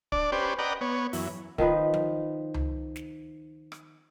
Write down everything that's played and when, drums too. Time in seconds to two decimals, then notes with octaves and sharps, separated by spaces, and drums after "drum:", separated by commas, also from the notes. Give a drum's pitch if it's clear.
0.12 D4 D5, drum: kick
0.32 C#4 G4 B4 C5 D5
0.59 B4 D5 D#5 F#5 G5 A#5
0.81 B3 C#5
1.13 F#2 E3, drum: open hi-hat
1.58 D#3 F3 D#4 B4, drum: kick
1.94 drum: tom F3
2.54 drum: tom C#2
2.96 drum: snare
3.72 drum: rim click